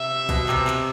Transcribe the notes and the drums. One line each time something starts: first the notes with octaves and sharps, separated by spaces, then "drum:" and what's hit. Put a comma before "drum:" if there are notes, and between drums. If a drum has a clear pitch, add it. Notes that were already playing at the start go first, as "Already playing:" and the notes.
Already playing: C3 E5
B2, drum: kick B1, cymbal
C3, drum: clap
drum: clap